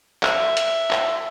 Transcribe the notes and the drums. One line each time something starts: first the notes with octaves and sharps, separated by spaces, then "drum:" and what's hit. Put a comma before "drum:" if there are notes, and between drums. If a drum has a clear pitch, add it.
E5, drum: clap
drum: hi-hat
drum: clap